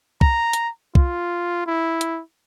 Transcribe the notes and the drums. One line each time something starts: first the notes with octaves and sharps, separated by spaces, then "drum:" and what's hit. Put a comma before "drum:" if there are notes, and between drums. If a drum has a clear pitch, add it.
A#5, drum: kick
drum: hi-hat
F4, drum: kick
E4
drum: hi-hat